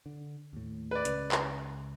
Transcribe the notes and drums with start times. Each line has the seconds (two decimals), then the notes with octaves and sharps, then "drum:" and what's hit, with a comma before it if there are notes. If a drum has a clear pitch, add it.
0.06 D3
0.53 D#2 A2
0.91 B4 D5
1.05 C#2 C#3, drum: hi-hat
1.32 drum: clap